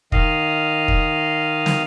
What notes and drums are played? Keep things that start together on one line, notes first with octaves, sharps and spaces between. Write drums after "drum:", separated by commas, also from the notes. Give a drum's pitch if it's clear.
D#3 D#5 F5, drum: kick
drum: kick
drum: snare